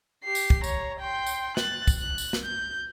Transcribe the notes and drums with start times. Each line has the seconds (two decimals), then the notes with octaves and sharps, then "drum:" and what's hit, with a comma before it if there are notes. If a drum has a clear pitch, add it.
0.24 G4 C7
0.35 drum: tambourine
0.50 drum: kick
0.64 C#5 A#5, drum: tambourine
1.00 G5 C6
1.26 drum: tambourine
1.57 F#6 A6, drum: snare
1.87 drum: kick, tambourine
1.98 F#6
2.18 drum: tambourine
2.33 drum: snare
2.43 G6